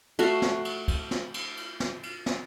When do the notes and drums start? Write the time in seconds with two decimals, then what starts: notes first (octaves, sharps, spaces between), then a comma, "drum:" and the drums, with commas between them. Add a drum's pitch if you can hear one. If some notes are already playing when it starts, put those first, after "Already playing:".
0.19 A3 F#4 F5, drum: cymbal
0.42 drum: snare
0.65 drum: cymbal
0.88 drum: kick, cymbal
1.11 drum: snare
1.34 drum: cymbal
1.57 drum: cymbal
1.80 drum: snare
2.03 drum: cymbal
2.26 drum: snare